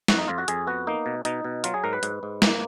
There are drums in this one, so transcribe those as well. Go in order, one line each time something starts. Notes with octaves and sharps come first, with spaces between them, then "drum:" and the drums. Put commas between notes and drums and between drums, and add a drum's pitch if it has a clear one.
F2 F#4, drum: snare
D#4
F2 F4
F#4
F2 G#4, drum: hi-hat
B3 F#4
A#3 D#4
B2
B2 D#4, drum: hi-hat
B2
F#3 F4, drum: hi-hat
G#4
G#2 A#4
B4
G#2, drum: hi-hat
G#2
A#3, drum: snare